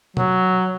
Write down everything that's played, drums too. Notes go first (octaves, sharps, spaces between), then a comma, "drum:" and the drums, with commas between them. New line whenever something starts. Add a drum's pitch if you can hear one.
F#3, drum: tom B2